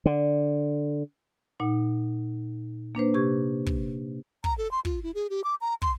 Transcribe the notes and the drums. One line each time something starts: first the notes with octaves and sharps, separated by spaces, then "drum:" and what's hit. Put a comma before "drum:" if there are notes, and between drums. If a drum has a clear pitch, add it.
D3
A#2 D#4 F#5
A#3 D4 B4 C5
C3 G4 C#6 G#6
drum: kick
A#5, drum: kick
A4
C6
F4, drum: kick
E4
G#4
G4
D6
A#5
C6, drum: kick